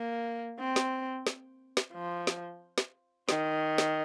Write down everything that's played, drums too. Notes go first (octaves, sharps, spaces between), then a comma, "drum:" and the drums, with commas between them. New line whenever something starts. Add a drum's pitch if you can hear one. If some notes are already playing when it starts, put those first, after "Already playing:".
Already playing: A#3
C4
drum: snare
drum: snare
drum: snare
F3
drum: snare
drum: snare
D#3, drum: snare
drum: snare